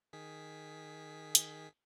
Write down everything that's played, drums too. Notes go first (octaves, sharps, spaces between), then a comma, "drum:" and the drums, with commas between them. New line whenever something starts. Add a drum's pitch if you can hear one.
D#3 G#4 B6
drum: hi-hat